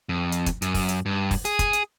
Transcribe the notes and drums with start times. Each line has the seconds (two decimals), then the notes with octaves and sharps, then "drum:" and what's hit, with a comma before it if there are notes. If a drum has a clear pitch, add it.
0.09 F2
0.32 drum: hi-hat
0.46 drum: kick, hi-hat
0.62 F#2, drum: hi-hat
0.74 drum: kick, open hi-hat
0.89 drum: hi-hat
1.06 G2
1.31 drum: kick, open hi-hat
1.45 G#4, drum: hi-hat
1.59 drum: kick, hi-hat
1.73 drum: hi-hat